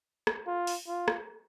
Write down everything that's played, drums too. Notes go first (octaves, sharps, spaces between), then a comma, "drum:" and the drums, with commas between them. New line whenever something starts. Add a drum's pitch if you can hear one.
drum: rim click
F4
drum: open hi-hat
F4
drum: rim click